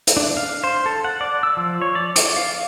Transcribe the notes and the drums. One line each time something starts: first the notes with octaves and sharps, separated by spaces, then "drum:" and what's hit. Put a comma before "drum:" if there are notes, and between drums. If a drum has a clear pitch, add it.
drum: hi-hat
D4
F5
C5
A4
F#5
D5
E6
F3
C#5
D5
D6, drum: hi-hat
F5